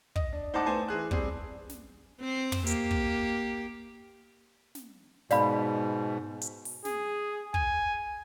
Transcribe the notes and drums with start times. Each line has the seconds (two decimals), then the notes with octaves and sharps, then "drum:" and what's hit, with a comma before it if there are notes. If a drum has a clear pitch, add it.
0.16 D#5, drum: kick
0.33 D4
0.54 D#4 C5 D#5 F#5 A5 D6
0.66 A3 B3 C5 G#5 A5
0.88 E3 G#4 F#6
1.11 G3 C4 G#4, drum: kick
1.69 drum: snare
2.20 C4 C5
2.52 drum: tom
2.67 A#3 G4, drum: hi-hat
2.91 drum: kick
4.75 drum: snare
5.31 G#2 B2 D5 F5 B5, drum: snare
6.41 drum: hi-hat
6.65 drum: open hi-hat
6.85 G#4, drum: snare
7.54 G#5, drum: kick